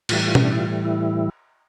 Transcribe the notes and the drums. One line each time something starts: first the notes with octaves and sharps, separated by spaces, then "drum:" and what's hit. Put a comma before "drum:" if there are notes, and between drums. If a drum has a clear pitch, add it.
A2 E3 G3 F4, drum: cymbal
F4
G4, drum: tom B2
D4
E4
F4
E4